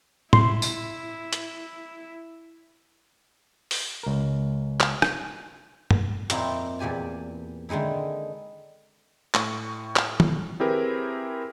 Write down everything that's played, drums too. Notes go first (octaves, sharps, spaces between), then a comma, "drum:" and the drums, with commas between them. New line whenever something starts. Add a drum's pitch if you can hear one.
E4 C6, drum: tom
drum: tambourine
drum: hi-hat
drum: open hi-hat
C#2 A#4
drum: clap
drum: rim click
drum: tom
F2 A#2 A#3 C4 D#4 E4, drum: hi-hat
E2 A#2 G4 G#5 A5
D3 D#3 G#3 D#4 E4
A2 C#6, drum: clap
drum: clap
drum: tom
C4 E4 G4 G#4 A#4 B4